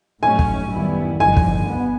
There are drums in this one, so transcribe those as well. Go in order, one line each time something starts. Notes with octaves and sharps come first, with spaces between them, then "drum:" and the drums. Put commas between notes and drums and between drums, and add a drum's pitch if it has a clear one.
A2 F#3 A3 C#4 G#5
drum: kick
F#2 D#3 G3 B3 E4
G1 G2 D3 F3 G#5
drum: kick
B3